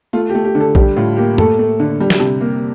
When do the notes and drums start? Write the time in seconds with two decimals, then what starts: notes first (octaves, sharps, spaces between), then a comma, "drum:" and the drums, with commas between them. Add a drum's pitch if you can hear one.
0.13 A3 F4
0.30 G4
0.35 A3
0.45 G4
0.55 D3
0.60 A4
0.75 G3 G4, drum: kick A#1
0.97 A2 F4
1.16 A#3 G4
1.38 A3 A4, drum: tom
1.59 A3
1.80 D3
2.00 G3
2.10 drum: snare
2.20 C3
2.41 A#3